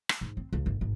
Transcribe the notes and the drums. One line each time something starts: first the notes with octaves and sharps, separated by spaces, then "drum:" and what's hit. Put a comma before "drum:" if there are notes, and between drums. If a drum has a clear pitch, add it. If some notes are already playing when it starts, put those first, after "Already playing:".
drum: rim click
G#2
C4
C#2
G1
G#1